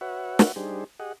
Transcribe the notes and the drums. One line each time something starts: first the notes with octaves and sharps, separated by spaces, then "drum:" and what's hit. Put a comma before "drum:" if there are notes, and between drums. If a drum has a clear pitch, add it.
F#4 B4 C#5 E5 F#5
drum: snare
G3 D4 D#4 G4 G#4 C5
G4 G#4 D#5 F#5